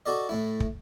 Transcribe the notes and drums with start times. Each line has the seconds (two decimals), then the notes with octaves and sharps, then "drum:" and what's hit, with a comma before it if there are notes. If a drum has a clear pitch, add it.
0.06 F#4 A4 D5 D#5
0.29 A2 A3 E4
0.60 drum: kick